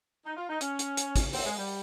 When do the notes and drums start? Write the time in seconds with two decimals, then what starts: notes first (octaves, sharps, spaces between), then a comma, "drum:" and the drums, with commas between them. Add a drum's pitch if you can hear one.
0.26 D#4
0.37 F4
0.49 D#4
0.61 C#4, drum: hi-hat
0.79 drum: hi-hat
0.97 drum: hi-hat
1.16 drum: kick, hi-hat
1.33 C4, drum: open hi-hat
1.46 G#3
1.58 G3